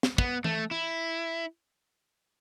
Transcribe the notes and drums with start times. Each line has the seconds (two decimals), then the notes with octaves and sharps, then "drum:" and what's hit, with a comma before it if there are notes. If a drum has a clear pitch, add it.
0.03 drum: snare
0.18 B3, drum: kick
0.44 A3, drum: tom E3
0.71 E4